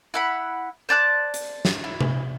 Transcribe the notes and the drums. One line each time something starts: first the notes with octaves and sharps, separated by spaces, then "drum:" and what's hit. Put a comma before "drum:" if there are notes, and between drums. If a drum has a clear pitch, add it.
E4 F#5 B5
C5 D5 A5 F#6
drum: hi-hat
drum: snare
E4
drum: tom C3